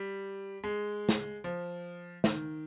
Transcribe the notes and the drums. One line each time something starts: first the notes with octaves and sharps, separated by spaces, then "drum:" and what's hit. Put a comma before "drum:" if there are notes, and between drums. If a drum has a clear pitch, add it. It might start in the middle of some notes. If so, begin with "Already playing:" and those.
Already playing: G3
G#3
drum: snare
F3
D#3, drum: snare